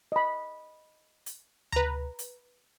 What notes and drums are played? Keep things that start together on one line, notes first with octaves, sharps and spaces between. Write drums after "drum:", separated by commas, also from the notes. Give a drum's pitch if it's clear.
D#5 B5
drum: hi-hat
B4 A#5, drum: tom D2
drum: hi-hat